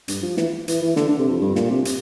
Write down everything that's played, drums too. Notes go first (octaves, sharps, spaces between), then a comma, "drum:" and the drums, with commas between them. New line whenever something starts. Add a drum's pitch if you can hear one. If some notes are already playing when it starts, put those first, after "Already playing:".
G2, drum: hi-hat
F3
E3, drum: snare
E3, drum: hi-hat
E3
D3, drum: snare
D3
C3
F2
G2
A#2, drum: snare
C3
drum: hi-hat